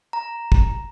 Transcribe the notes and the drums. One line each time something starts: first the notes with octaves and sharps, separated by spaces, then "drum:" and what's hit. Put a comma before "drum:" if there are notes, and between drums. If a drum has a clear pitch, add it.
A#5
drum: kick